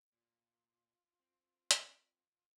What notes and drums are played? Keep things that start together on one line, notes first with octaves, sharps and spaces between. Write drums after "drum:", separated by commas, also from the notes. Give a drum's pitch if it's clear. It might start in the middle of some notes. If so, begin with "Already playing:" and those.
A#2 F4
C4
drum: hi-hat